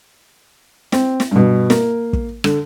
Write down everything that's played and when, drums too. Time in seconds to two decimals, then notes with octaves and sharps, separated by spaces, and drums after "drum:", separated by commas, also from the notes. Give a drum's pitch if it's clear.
0.92 C4, drum: snare
1.20 drum: snare
1.31 G2 B2
1.70 A#3, drum: snare
2.13 drum: kick
2.44 D3, drum: rim click